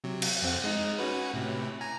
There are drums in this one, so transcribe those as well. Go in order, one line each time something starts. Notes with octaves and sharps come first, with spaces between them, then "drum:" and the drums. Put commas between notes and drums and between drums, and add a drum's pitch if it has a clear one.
C3 F#3
drum: cymbal
F2 C4 F#5
G#3 D#4
C#4 F#4 B4
A2 C3
G#5 A#5